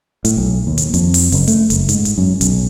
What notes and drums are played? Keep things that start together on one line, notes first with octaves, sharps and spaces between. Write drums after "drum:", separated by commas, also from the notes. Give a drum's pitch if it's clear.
A2, drum: hi-hat
B1
D#2
drum: hi-hat
F2, drum: hi-hat
drum: open hi-hat
F#1, drum: hi-hat
A3, drum: hi-hat
F#1, drum: hi-hat
G#2, drum: hi-hat
drum: hi-hat
F#2
B1, drum: hi-hat